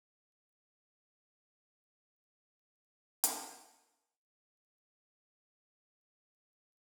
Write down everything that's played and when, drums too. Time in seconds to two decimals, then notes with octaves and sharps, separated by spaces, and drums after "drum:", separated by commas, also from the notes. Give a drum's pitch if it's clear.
0.22 D4 A4 D#5
1.74 A#3 C7 C#7
2.34 G#5
3.24 drum: hi-hat
6.45 D#4 G5